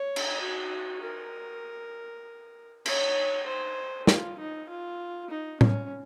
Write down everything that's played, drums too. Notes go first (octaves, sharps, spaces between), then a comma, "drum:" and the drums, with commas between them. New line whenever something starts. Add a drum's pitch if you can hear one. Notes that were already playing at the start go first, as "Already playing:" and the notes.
Already playing: C#5
drum: cymbal
F#4
A#4
C#5, drum: cymbal
C5
F4, drum: snare
D#4
F4
D#4
C#4, drum: tom A2